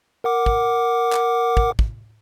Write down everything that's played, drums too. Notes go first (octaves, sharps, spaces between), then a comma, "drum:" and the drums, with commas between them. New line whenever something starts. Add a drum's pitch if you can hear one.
A#4 F#5 D6
drum: kick
drum: clap
drum: kick
drum: kick